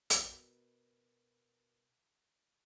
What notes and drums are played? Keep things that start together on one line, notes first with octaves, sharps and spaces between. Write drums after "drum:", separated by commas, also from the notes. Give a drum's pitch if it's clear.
B2 A#4 B4, drum: hi-hat